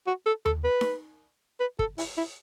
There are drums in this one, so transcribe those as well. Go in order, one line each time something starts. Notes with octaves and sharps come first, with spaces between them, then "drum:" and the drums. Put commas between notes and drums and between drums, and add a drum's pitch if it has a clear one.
F#4
A4
A4, drum: tom D#2
B4
drum: snare D#4
B4
A4, drum: kick
E4, drum: open hi-hat
E4